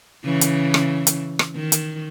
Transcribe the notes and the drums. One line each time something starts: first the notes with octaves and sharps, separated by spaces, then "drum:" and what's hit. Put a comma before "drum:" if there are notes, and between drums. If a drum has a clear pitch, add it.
C#3 E3
drum: hi-hat
drum: rim click
drum: hi-hat
drum: rim click
D#3
drum: hi-hat